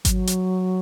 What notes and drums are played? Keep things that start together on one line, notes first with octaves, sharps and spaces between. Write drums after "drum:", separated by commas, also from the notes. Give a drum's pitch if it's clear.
F#3, drum: kick G#1, hi-hat
drum: hi-hat